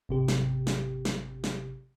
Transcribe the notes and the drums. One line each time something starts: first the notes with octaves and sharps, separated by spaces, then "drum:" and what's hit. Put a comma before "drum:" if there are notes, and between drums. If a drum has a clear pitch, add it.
G#1 C3 G4
drum: snare
drum: snare
drum: snare
drum: snare